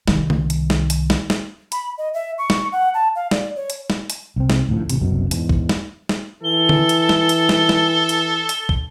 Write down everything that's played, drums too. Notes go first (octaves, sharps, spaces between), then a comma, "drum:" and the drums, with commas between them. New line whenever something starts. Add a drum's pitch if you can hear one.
C2 D#3, drum: snare
drum: tom C#3
drum: hi-hat
drum: snare
drum: hi-hat
drum: snare
drum: snare
B5, drum: hi-hat
D#5
E5
C#6
drum: snare
F#5
A5
F5
D5, drum: snare
C#5
drum: hi-hat
drum: snare
drum: hi-hat
C2 C4
drum: snare
A1 D2 A2 F3
A1 C3, drum: hi-hat
F#1 C2 F#2 B2
E2 G#2, drum: hi-hat
drum: kick
drum: snare
drum: snare
E3 A4 G7
drum: tom D3
drum: hi-hat
drum: snare
drum: hi-hat
drum: snare
drum: snare
drum: hi-hat
drum: hi-hat
drum: kick